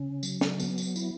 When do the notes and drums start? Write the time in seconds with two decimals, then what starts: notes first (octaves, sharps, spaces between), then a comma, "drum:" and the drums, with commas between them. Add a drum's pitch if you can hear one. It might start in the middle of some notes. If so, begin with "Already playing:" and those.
Already playing: C#3 C#4
0.23 F#3, drum: tambourine
0.41 drum: snare
0.60 B3, drum: tambourine
0.78 drum: tambourine
0.96 E4, drum: tambourine